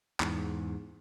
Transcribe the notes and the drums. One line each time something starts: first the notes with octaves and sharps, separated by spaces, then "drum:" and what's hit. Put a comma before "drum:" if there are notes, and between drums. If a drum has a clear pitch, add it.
E2 G#2, drum: clap